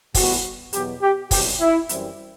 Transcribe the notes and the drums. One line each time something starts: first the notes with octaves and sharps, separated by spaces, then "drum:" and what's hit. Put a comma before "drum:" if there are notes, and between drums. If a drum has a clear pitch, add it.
A2 E3 G3 B3 F#4, drum: kick, open hi-hat
E2 B2 F#3 B3 G4, drum: hi-hat
G4
C2 B2 F#3 G4, drum: kick, open hi-hat
E4
F#2 E3 G3 C4, drum: hi-hat